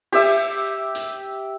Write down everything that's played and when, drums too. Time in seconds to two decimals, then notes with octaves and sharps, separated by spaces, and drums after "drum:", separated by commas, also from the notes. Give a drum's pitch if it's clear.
0.12 G4 E5, drum: open hi-hat
0.95 drum: hi-hat